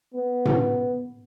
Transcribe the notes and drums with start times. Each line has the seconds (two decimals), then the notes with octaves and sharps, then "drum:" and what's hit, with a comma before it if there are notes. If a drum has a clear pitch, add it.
0.14 B3
0.45 drum: tom A2